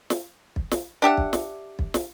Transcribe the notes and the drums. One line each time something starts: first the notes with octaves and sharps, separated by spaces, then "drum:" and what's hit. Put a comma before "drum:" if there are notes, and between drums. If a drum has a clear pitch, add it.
drum: snare
drum: kick
drum: snare
D4 G4 E5 F#5
drum: kick
drum: snare
drum: kick
drum: snare